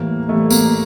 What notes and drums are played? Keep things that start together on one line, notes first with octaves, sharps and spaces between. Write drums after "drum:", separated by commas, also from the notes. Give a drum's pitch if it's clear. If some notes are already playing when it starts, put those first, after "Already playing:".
Already playing: A2 E3 G3 A#3
A2 E3 G3 A3
A#3, drum: tambourine